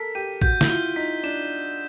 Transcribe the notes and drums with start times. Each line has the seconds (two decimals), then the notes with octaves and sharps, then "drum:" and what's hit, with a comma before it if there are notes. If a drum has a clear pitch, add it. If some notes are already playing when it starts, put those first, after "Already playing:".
Already playing: A4 A#4 B6
0.15 G4 D#7
0.41 F#4 G6, drum: kick
0.61 E4, drum: snare
0.69 F4 G7
0.96 D#4 B6
1.23 D4 E7, drum: tambourine